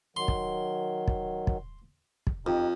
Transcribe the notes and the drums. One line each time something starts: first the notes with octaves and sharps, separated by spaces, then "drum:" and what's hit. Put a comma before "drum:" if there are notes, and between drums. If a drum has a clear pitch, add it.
D#3 F#3 C6
drum: kick
drum: kick
drum: kick
drum: kick
F2 D#4 G4